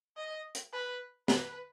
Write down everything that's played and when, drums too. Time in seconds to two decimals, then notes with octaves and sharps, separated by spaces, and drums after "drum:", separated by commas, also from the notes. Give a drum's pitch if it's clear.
0.17 D#5
0.55 drum: hi-hat
0.73 B4
1.28 B4, drum: snare